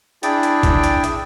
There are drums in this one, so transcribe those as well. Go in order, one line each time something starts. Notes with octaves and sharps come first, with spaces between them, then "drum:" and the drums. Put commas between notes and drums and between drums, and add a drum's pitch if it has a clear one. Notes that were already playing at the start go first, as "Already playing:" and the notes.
D4 E4 G#4 D5 G5, drum: hi-hat
drum: hi-hat
drum: kick A1, hi-hat
drum: hi-hat
drum: hi-hat